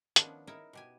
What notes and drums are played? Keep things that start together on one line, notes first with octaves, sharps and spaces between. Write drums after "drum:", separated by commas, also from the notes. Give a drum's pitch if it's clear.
D#3 F3 B3 C#4 D4, drum: hi-hat
D#4 E4 A#4 E5
B2 G4 G#5